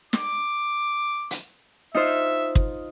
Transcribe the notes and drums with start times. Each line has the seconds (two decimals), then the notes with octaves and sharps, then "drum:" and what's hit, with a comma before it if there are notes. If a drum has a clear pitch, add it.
0.13 D6, drum: snare
1.31 drum: hi-hat
1.95 D#4 F4 C5 E5
2.55 drum: kick